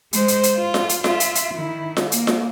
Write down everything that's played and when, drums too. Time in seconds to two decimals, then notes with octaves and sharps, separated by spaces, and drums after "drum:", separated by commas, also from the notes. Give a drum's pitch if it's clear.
0.13 G#3 C5, drum: hi-hat
0.28 drum: hi-hat
0.43 drum: hi-hat
0.56 F4
0.74 drum: snare F4
0.89 drum: hi-hat
1.04 F4 E5, drum: snare F4
1.20 drum: hi-hat
1.35 drum: hi-hat
1.55 D#3 E4
1.97 drum: snare F4
2.12 A#3, drum: hi-hat
2.27 drum: snare F4